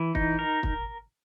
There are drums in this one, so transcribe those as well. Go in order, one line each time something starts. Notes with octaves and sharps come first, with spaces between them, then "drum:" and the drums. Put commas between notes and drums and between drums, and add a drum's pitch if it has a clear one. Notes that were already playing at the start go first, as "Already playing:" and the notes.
Already playing: E3
D#4, drum: kick
A#4
drum: kick